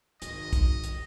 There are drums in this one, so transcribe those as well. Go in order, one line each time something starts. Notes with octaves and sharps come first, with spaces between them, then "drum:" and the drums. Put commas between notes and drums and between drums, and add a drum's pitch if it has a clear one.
G#1 D#5, drum: hi-hat
drum: kick, hi-hat
drum: hi-hat